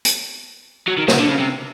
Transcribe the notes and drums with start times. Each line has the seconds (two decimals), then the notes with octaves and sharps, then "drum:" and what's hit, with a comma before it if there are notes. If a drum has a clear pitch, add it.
0.05 drum: hi-hat
0.88 F#3
0.97 D#3
1.08 C#3, drum: snare
1.19 D3
1.29 C#3
1.40 C3